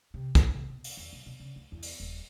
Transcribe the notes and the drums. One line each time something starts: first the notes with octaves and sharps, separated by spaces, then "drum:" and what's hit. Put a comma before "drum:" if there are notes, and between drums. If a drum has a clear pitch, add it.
C3
F1, drum: kick, hi-hat
C3
B2
drum: open hi-hat
E2
B1
B2
C#3
D2
E2
drum: open hi-hat
D#1